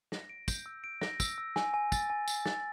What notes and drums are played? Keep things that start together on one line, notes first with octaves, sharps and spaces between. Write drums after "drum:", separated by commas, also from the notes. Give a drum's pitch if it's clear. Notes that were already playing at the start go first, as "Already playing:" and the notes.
A#6, drum: snare
D7
G6, drum: kick, tambourine
E6
D7
A#6, drum: snare
E6, drum: kick, tambourine
E6
G#5, drum: snare
G#5
A6, drum: kick, tambourine
G#5
G#5, drum: tambourine
A6, drum: snare